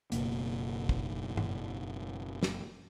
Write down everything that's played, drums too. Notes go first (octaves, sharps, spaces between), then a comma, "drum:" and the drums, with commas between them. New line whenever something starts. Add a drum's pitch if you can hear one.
F#1 F2 B2 A#3, drum: hi-hat
drum: kick
drum: tom
drum: snare